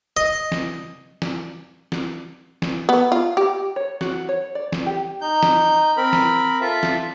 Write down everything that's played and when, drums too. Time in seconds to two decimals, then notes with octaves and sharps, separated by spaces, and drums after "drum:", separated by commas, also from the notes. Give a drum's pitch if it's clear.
0.17 D#5
0.52 drum: snare
1.22 drum: snare
1.92 drum: snare
2.62 drum: snare
2.89 B3
3.12 F4
3.37 G4
3.76 C#5
4.01 F#4, drum: snare
4.29 C#5
4.55 D5
4.72 drum: snare
4.86 G4
5.21 D#4 G6
5.43 drum: snare
5.97 C4 A#4 B5
6.13 drum: snare
6.61 F4 A4 E5
6.83 drum: snare